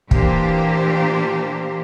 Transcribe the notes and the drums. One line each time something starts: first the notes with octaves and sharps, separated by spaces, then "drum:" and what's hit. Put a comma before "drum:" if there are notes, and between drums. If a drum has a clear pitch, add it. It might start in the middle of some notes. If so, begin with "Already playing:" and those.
A#2 E3 A#3 D4 G4 C5, drum: kick